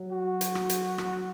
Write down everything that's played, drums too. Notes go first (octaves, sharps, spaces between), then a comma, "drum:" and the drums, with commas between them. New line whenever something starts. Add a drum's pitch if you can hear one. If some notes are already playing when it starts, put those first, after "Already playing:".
Already playing: F#3
F#4
drum: hi-hat
drum: rim click
drum: hi-hat
drum: rim click